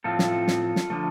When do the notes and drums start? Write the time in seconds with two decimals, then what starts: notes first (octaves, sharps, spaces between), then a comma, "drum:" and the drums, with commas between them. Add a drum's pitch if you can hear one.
0.04 A2 F3 C4 F4 A4
0.19 drum: snare
0.48 drum: snare
0.76 drum: snare
0.90 D3 F3 A3